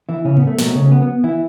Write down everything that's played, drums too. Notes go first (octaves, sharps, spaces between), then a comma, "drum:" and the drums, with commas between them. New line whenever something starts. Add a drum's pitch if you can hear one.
E3 E4
C#3 C#4
B3, drum: tom G#2
A3
B2 F#3 A3 B3, drum: snare
B3
C#3 C#4
B3
B3
E3 E4